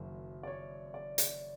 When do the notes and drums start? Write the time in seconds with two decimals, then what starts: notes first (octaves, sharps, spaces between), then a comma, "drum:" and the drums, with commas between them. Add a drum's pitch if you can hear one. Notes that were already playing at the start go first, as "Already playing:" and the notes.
Already playing: F#1 F#2 D#3 F#3
0.43 D5
0.47 C#5
0.94 D5
1.18 drum: hi-hat